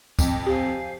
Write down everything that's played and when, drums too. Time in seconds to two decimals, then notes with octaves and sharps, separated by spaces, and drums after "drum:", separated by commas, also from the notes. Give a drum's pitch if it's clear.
0.19 F2 D#5 D6, drum: kick, tambourine
0.46 G4 C5 F5 G#5